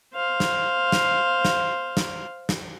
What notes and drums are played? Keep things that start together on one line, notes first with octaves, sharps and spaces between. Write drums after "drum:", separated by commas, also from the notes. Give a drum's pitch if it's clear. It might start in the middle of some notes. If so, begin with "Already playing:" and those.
C5 F5
drum: snare
drum: snare
drum: snare
drum: snare
drum: snare